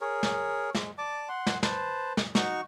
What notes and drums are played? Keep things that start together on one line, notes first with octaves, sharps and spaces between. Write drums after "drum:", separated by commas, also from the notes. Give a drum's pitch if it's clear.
G#4 A#4 C#5
drum: snare
G#3, drum: snare
D5 A5 D6
F#5 C6
drum: snare
B4 C5 A5, drum: snare
drum: snare
D#4 F#4 C#6, drum: snare